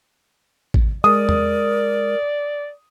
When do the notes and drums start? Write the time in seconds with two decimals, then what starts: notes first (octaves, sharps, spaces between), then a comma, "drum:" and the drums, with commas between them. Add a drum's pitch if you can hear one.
0.74 drum: kick
1.04 G#3 A#4 D5 D#6
1.29 drum: tom E2